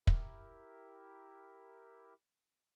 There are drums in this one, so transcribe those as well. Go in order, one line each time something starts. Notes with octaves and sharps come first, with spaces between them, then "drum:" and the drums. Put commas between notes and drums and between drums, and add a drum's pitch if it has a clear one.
E4 G4 A#4 E5, drum: kick